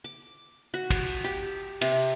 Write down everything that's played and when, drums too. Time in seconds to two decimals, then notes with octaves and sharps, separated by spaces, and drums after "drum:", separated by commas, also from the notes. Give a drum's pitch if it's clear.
0.04 D6
0.74 F#4
0.90 drum: kick, cymbal
1.24 G4
1.81 C3, drum: cymbal